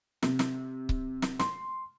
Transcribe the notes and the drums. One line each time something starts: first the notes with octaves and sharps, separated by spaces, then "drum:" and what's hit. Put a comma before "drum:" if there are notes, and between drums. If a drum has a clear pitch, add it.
C3, drum: snare
drum: snare
drum: kick C#1
drum: snare
C6, drum: snare